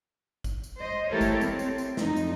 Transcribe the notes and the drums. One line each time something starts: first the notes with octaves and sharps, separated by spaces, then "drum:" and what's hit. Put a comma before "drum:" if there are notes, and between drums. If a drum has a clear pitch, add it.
drum: kick, tambourine
drum: tambourine
C5 D#5
A3 E4 G4 A4 A#4 C#5
drum: kick, tambourine
C4, drum: tambourine
drum: tambourine
drum: tambourine
F2 D#4, drum: snare
drum: tambourine